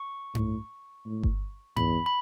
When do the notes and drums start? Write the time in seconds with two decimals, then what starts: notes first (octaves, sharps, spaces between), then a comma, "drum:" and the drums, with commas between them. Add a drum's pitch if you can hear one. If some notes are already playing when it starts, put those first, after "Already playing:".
Already playing: C#6
0.35 A2, drum: tom G2
1.06 A2
1.23 drum: kick G1
1.76 E2 B5, drum: tom G2
2.06 B5